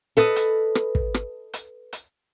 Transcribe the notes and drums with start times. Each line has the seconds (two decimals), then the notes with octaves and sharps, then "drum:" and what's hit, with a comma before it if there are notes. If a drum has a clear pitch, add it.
0.17 A4 B4 D#5
0.36 drum: hi-hat
0.75 drum: rim click
0.95 drum: kick
1.14 drum: rim click
1.53 drum: hi-hat
1.93 drum: hi-hat